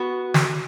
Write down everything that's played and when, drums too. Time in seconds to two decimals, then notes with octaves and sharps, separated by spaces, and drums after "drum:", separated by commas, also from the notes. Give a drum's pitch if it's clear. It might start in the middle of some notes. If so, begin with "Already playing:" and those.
Already playing: B3 F#4
0.34 drum: snare